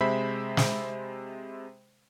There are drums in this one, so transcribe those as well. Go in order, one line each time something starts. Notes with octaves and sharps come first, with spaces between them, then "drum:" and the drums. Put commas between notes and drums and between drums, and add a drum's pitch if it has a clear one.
C3 G#3 C5 E5 B5 B6
drum: snare